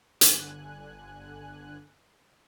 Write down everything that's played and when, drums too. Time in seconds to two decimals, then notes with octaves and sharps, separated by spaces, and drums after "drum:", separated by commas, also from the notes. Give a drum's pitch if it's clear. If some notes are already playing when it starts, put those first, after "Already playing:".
0.21 G1 D3 G#5 F#6, drum: hi-hat